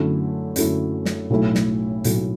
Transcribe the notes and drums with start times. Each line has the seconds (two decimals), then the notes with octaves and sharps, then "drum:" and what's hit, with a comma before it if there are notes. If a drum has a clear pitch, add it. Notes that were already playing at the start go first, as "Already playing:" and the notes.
Already playing: F#2 D3 F#3 A3 E4
0.56 F#2 D3 F#3 A3 E4, drum: hi-hat
1.05 drum: snare
1.30 B1 A2 F#3 A3 E4
1.55 drum: snare
2.04 B1 A2 F#3 A3 E4, drum: hi-hat